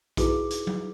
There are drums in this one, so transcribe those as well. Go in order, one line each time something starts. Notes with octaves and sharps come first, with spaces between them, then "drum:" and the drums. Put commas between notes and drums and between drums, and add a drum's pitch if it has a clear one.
D#4 E4 F#4 G#4 B4 D6, drum: kick, hi-hat
drum: hi-hat
drum: tom